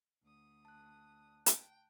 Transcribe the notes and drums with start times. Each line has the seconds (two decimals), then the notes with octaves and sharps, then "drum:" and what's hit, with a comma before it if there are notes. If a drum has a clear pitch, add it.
0.24 D2 D#6
0.65 A5 F#6
1.46 G5, drum: hi-hat